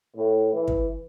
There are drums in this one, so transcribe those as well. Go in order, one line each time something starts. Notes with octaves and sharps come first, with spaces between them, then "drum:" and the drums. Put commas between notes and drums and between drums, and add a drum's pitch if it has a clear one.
A2
E3
drum: kick